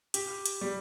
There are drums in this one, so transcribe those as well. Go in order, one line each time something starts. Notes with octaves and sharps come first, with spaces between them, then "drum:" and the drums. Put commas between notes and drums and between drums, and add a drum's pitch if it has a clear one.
G4, drum: hi-hat
drum: hi-hat
G3